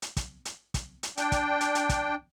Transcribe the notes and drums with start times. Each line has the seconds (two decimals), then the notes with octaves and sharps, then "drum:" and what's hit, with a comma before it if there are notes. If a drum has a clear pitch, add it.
0.02 drum: hi-hat
0.17 drum: kick, hi-hat
0.45 drum: hi-hat
0.74 drum: kick, hi-hat
1.03 drum: hi-hat
1.17 D4 G5, drum: hi-hat
1.32 drum: kick, hi-hat
1.61 drum: hi-hat
1.75 drum: hi-hat
1.89 drum: kick, hi-hat